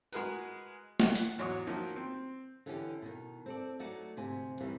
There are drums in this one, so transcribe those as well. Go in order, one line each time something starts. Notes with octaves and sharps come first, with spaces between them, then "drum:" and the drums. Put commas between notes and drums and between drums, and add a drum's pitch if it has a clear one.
G#3 F#4 G#4 A#4 B4, drum: tambourine
F#5, drum: snare
drum: open hi-hat
E2 G#2 F#3 C#5 C#6 D#6
D#3 F3 F#3 A#3 C#4
C4
D3 E3 B3 C#4 G4
B2 D#3
C4 A4 D5
F#3 A3 D#4 F#4 D5
D2 G#2 C3 G#5
G2 C3 D#3 E3 G3